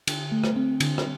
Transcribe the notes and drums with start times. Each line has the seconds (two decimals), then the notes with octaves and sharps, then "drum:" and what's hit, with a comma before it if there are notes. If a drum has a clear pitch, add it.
0.07 D3, drum: cymbal
0.32 A3
0.44 drum: rim click
0.56 C4
0.80 D3, drum: cymbal
0.98 drum: rim click